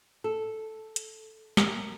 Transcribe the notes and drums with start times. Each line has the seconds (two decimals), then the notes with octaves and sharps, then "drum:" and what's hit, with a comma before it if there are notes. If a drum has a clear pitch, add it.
0.24 A4
0.96 drum: hi-hat
1.57 A#4, drum: snare